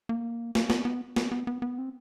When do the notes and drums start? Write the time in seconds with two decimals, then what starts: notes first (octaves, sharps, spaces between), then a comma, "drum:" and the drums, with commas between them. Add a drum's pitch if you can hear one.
0.09 A#3
0.55 A#3, drum: snare
0.70 B3, drum: snare
0.85 B3
1.16 B3, drum: snare
1.32 B3
1.47 B3
1.62 B3
1.78 C4